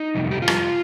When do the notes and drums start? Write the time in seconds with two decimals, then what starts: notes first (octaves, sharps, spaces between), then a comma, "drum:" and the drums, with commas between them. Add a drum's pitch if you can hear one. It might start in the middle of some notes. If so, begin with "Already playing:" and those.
Already playing: D#4
0.15 F2 C3 G3
0.31 G4
0.42 C3 G3 F4
0.48 F2, drum: rim click